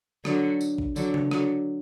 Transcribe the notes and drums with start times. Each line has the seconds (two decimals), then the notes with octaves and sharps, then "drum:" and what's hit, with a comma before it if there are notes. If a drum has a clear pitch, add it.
0.25 D3 F#3, drum: rim click
0.61 drum: tambourine
0.78 drum: kick A1
0.96 D3 F#3, drum: tambourine
1.14 drum: tom C#3
1.31 D3 F#3, drum: rim click